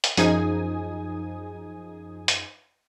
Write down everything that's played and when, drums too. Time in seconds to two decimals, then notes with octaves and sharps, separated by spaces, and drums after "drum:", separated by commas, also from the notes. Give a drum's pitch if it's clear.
0.04 drum: hi-hat
0.17 F#2 F3 D#4 G#4 G#5 D#6, drum: hi-hat
2.28 drum: hi-hat